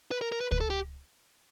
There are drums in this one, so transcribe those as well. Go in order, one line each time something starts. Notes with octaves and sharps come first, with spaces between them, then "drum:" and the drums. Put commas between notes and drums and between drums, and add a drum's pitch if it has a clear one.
B4
A#4
A#4
B4
B4, drum: kick
A4
G4